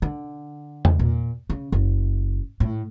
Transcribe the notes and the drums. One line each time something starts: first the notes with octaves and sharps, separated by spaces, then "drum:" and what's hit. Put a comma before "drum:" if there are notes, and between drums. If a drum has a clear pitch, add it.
D3
drum: tom E2
A#2
C#3
F#1
A2